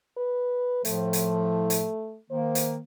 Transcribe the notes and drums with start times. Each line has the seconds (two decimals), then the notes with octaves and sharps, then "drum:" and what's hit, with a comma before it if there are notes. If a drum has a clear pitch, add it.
0.17 B4
0.85 A2 F3 A3, drum: hi-hat
1.13 drum: hi-hat
1.70 drum: hi-hat
2.31 D#3 A#3 C5
2.55 drum: hi-hat